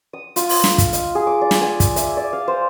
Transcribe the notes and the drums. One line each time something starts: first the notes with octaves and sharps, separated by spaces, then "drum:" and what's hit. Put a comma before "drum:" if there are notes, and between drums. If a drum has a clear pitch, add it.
D#6
F4, drum: hi-hat
drum: open hi-hat
drum: snare
drum: kick, hi-hat
D#5, drum: hi-hat
G#4
D6
D5
drum: snare
G#5
drum: kick, hi-hat
E5, drum: hi-hat
D5
F5
C5